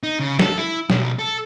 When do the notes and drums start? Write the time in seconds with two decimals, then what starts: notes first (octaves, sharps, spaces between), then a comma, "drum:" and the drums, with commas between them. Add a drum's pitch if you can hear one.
0.03 D#4
0.20 C#3
0.39 A4, drum: snare
0.58 E4
0.90 B1, drum: snare
1.19 A4